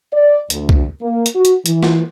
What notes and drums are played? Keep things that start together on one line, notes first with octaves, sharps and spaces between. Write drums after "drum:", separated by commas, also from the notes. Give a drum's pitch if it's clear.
D5
D2, drum: hi-hat
drum: kick
A#3
drum: hi-hat
F#4
drum: hi-hat
E3, drum: hi-hat
drum: snare